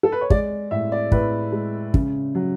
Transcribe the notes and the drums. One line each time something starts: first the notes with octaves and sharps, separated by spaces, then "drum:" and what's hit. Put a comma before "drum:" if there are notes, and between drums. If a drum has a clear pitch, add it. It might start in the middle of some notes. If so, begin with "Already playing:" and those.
A4
B4
C#5
G#3 D5, drum: kick
A2 E5
D5
A2 B4, drum: kick
G#3
C#3, drum: kick
F#3